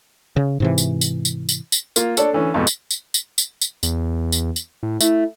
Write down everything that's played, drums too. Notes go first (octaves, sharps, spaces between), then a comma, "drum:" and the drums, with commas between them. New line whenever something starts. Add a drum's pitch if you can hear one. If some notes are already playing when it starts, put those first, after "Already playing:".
C#3
G#2 C3 E3
drum: tambourine
drum: tambourine
drum: tambourine
drum: tambourine
drum: tambourine
A#3 F4, drum: tambourine
D4 A4 C#5, drum: tambourine
D3 E3 C#4
F2 G#2 B2
drum: tambourine
drum: tambourine
drum: tambourine
drum: tambourine
drum: tambourine
E2, drum: tambourine
drum: tambourine
drum: tambourine
A2
A3 E4, drum: tambourine